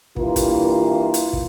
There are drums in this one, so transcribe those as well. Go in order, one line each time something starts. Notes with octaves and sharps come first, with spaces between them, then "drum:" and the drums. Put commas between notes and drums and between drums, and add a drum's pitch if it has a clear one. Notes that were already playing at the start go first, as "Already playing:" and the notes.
G2 E3 A#3 F4, drum: kick
drum: kick, hi-hat
drum: hi-hat
drum: kick